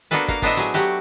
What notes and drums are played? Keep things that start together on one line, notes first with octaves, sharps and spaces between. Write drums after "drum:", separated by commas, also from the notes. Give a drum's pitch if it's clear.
A#3 B3 D4 F#4 A4 B4
A#3 F5, drum: kick
A2 B3 D4 C5 D#5 E5, drum: kick
F#3 G#4
F#3 A3 F#4 G4